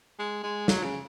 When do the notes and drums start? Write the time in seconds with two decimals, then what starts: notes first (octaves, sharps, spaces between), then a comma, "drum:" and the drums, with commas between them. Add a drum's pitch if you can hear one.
0.19 G#3
0.43 G#3
0.68 F#3, drum: snare
0.83 C#3